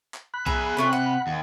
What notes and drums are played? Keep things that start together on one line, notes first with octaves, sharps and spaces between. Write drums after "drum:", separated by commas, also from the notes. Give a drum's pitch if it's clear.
drum: clap
B5 F#6
G#4 E5 A#5, drum: kick B1
C3 A3 C#4 F4
F#5
D#2